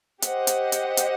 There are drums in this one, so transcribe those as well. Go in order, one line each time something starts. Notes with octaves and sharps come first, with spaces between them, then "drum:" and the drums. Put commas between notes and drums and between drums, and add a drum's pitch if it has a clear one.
G4 C5 D#5 F#5, drum: hi-hat
drum: hi-hat
drum: hi-hat
drum: hi-hat